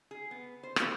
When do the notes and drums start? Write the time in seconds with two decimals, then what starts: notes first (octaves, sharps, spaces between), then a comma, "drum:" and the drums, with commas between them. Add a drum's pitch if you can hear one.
0.11 G#4
0.31 B3
0.63 C5
0.76 drum: rim click